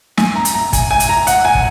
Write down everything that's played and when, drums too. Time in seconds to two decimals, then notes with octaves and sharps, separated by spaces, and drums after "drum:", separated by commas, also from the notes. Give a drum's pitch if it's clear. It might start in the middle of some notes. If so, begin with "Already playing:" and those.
0.17 G#5, drum: snare
0.36 A#5
0.45 drum: hi-hat
0.54 A#5
0.73 G#5, drum: kick, hi-hat
0.91 G#5
1.00 drum: hi-hat
1.09 A#5
1.27 F#5, drum: hi-hat
1.45 G#5
1.55 drum: kick